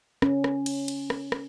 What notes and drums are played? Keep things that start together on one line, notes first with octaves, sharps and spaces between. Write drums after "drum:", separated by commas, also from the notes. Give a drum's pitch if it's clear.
C#4, drum: rim click
drum: rim click
drum: cymbal
drum: cymbal
drum: rim click
drum: rim click